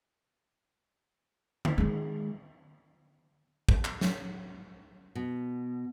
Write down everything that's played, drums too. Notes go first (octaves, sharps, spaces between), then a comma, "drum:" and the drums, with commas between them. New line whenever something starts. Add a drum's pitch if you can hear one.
drum: tom D3
D#3 G#3
drum: kick
drum: clap
drum: snare
B2